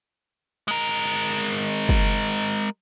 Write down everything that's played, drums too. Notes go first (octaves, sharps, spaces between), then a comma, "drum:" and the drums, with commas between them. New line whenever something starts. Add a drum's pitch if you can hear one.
G#3 A#4
drum: kick